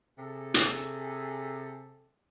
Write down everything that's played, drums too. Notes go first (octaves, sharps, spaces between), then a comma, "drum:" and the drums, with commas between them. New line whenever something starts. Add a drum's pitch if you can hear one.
C3 G#4 A4
drum: hi-hat